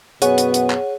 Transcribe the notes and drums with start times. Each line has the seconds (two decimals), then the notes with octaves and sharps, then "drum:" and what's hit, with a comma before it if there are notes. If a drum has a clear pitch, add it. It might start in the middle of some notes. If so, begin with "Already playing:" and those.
0.22 F#2 B2 B3 G#4 C#5 F#5, drum: hi-hat
0.38 drum: hi-hat
0.54 drum: hi-hat
0.70 drum: clap